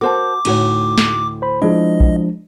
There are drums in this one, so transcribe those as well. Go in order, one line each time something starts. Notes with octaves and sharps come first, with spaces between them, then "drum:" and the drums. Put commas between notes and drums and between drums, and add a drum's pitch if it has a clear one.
F#4 A#4 C5 A5 D6
D2 A2 D#4 F#4 C#5, drum: cymbal
drum: snare
C5 B5
F3 G#3 D4 E4 G#4 D#5
drum: kick A#1